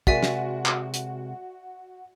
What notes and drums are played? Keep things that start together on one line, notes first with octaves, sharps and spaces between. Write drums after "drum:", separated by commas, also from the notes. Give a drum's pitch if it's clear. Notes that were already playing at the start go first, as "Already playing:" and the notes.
C3 G#3 F#4 A#4 D5 E5 G#5, drum: kick
drum: snare
drum: clap
drum: hi-hat